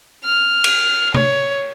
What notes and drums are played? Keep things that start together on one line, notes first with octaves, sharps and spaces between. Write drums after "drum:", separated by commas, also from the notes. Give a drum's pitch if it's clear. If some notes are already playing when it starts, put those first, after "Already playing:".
F6
drum: cymbal
C#5, drum: tom C3